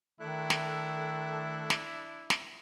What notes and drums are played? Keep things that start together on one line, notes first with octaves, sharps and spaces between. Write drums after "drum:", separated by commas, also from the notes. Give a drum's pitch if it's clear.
D#3 A3 D4 E4 A4 F#6
drum: snare
drum: snare
drum: snare